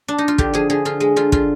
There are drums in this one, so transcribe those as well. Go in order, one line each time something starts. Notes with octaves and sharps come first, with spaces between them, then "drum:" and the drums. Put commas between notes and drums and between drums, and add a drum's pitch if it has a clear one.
D4
D#4
F4
D3 G4, drum: kick
F3 G#4
D3 G#4
D3 F4
G#3
D3 F4
D3 F4, drum: kick